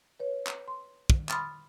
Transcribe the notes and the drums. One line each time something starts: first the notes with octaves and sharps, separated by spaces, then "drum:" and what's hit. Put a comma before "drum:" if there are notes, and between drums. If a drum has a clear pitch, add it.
B4 C#5
drum: clap
C6
drum: kick
B5 C6 D6 D#6 F6 A6, drum: clap